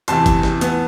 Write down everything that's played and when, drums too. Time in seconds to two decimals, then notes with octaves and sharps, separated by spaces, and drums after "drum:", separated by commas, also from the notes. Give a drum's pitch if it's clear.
0.08 E2 C3 E3 A5 C6, drum: hi-hat
0.26 drum: kick G1, hi-hat
0.43 drum: snare
0.61 E3 B3, drum: hi-hat